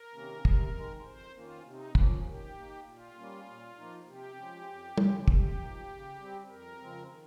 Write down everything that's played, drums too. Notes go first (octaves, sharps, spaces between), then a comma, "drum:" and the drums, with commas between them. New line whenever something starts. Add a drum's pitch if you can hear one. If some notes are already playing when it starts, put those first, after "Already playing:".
Already playing: A#4
C3 D#3 A#3 C#4
C3, drum: kick
D#3 G#3
F2 C5
D#3 A#3 C#4 F4
C3 D#4
F3 A#3 C#4, drum: kick
D#3 G4
A#3 D#4
A#2 F4
G3 A#3 C#4
A#2
F3 A#3 D#4
C3 G4
F3 G#3 C#4
F2
C#3 G#3 C#4, drum: tom
C3 G4, drum: kick
F3 A#3 D#4
C#3
G3 C4
F2 A#4
C#3 F3 G#3 C4
D#3